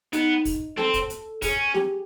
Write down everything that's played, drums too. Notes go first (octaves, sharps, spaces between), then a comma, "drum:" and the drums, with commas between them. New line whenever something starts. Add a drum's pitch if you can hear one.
B3 D#4, drum: hi-hat
drum: kick, open hi-hat
C4 A4, drum: snare
drum: kick, hi-hat
drum: hi-hat
C#4 G#4, drum: kick, open hi-hat
G4, drum: snare